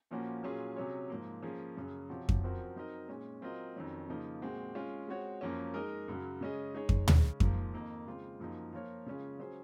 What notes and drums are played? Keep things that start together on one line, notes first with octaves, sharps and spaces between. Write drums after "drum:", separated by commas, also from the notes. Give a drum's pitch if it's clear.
A#2 F3 A#3 C#4 F#4
A#2 F#3 C#4 F4 G#4
C3 F#3 C#4 G#4 C#5
G#2 F3 A#3
F3 A#3 C#4 G#4 C#5
F#2 C#3 F#3 C#4 G#4
C3 F3 C4 F#4 C#5
drum: kick F2
F#2 F3 C4 F#4 A#4
F#3 C4 D#4 A#4 D#5
A#2 G#3 C#4
F#3 C4 F4 A#4 D#5
F2 D#3 F#3 C#4
C#3 F3 A#3 D#4
A#2 G#3 C4 F#4
G#3 C#4 F4
G#3 C4 F#4 C#5
F#2 F3 A#3 C#4
G#3 D#4 A#4 D#5
F#2 C#3 F#3
C#3 G#3 C#4 G#4 D#5
G#3 D#4 G#4 C#5
drum: kick F2
C#3 G#3 C#4, drum: tom
G#2 F3 A#3, drum: kick F2
F2 D#3 A#3 D#4
C#3 G#3 C4 F4
F#2 F3 A#3 D#4
F3 A#3 F4 A#4 C#5
C#3 G#3 C#4 F4
F#3 C#4 G#4 C5